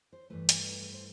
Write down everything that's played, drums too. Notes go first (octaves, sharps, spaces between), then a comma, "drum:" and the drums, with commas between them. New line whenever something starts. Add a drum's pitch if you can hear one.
C5
G2 E3 A3 B4
drum: hi-hat
A#4
B4
C5